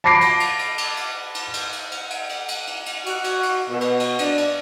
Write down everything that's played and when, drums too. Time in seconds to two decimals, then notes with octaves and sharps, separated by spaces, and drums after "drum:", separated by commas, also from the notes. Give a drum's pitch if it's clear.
0.04 A5 B5 D6 A#6 C7 D7
0.21 drum: cymbal
0.40 drum: cymbal
0.59 drum: cymbal
0.78 drum: cymbal
0.97 drum: cymbal
1.35 drum: cymbal
1.54 drum: cymbal
1.72 drum: cymbal
1.91 drum: cymbal
2.10 drum: cymbal
2.29 drum: cymbal
2.48 drum: cymbal
2.67 drum: cymbal
2.86 drum: cymbal
3.06 F#4, drum: cymbal
3.24 drum: cymbal
3.43 drum: cymbal
3.70 B2
3.81 drum: cymbal
4.00 drum: cymbal
4.19 D4, drum: cymbal
4.38 drum: cymbal